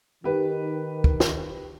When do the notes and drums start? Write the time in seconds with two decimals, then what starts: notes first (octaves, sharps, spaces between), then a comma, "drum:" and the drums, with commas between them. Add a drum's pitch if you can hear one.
0.24 D#3 G4 B4
1.04 drum: kick
1.20 drum: snare